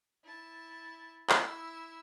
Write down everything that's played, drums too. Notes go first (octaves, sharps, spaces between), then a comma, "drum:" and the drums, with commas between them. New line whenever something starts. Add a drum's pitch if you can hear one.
E4 A5
E4 E6, drum: clap